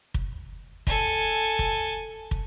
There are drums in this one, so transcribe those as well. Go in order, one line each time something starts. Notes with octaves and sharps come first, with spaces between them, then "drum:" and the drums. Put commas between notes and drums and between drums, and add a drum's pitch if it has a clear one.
drum: kick
A4 G#5, drum: kick
drum: kick
drum: kick